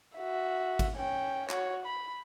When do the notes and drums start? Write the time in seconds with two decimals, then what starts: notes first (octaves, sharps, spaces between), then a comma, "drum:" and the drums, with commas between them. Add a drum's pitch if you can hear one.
0.17 F#4 E5
0.79 drum: kick G#1, cymbal
0.97 C#4 G5
1.50 F#4 C#5, drum: clap
1.86 B5